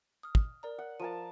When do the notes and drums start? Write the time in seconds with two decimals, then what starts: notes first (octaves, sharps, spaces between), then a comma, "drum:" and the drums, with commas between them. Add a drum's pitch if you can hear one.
0.23 D#6 F6
0.35 drum: kick
0.63 A#4 D5 A#5
0.78 F#5
1.00 F3 A#4 A5 D#7